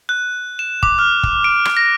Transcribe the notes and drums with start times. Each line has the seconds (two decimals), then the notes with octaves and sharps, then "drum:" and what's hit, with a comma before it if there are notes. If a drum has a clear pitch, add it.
0.09 F#6
0.59 E7
0.83 D6, drum: kick
0.99 F6
1.23 drum: kick
1.44 D7
1.65 drum: rim click
1.77 A#6